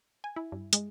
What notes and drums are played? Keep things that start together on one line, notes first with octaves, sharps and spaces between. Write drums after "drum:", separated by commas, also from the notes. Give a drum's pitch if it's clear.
G#5
E4
G2
G#3, drum: hi-hat